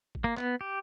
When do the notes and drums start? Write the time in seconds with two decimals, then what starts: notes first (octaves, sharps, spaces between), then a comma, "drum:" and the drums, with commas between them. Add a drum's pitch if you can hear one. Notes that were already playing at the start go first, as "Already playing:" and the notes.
0.15 drum: kick G#1
0.24 A#3
0.37 B3, drum: clap
0.61 G4